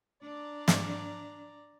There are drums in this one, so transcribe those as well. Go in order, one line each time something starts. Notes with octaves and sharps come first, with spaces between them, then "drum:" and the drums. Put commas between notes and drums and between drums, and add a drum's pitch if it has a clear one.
D4 D5 A#5
G#2, drum: snare